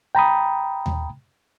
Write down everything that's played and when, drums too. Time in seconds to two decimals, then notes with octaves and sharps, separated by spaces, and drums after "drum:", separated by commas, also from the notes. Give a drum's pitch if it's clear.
0.15 G5 A#5 B5 D#6
0.86 drum: tom D#2